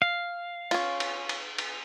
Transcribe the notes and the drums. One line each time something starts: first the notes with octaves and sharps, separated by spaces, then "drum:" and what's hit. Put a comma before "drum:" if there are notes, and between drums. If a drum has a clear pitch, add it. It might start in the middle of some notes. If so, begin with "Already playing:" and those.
F5
C#4 F4, drum: cymbal
drum: cymbal
drum: cymbal
drum: cymbal